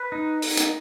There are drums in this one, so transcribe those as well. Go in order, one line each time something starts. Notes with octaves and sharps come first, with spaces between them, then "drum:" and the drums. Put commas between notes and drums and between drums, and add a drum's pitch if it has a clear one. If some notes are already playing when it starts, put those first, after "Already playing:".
Already playing: B4
D#4
drum: open hi-hat
drum: hi-hat